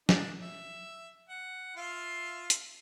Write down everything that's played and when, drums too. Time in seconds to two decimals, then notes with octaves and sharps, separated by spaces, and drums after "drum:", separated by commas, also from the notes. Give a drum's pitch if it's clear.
0.09 A3 D4 D#4, drum: snare
0.42 E5
1.29 F#5
1.76 F4 E5 F5
2.50 drum: hi-hat